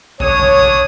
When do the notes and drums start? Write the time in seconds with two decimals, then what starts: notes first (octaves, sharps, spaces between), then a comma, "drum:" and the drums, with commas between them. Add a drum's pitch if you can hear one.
0.20 D4 C#5 D#6, drum: kick
0.40 drum: kick
0.59 drum: kick